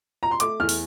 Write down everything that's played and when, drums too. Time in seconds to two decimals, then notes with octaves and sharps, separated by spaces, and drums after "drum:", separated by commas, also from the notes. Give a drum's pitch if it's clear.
0.23 A#5
0.31 C6
0.40 A3 D6, drum: hi-hat
0.60 E2 F6
0.69 drum: open hi-hat